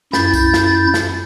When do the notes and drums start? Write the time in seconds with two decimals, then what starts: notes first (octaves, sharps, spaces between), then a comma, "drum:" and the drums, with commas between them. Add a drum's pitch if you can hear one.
0.13 F#2 E4 G6 A6, drum: snare
0.33 drum: kick C2, tambourine
0.54 drum: snare
0.94 drum: snare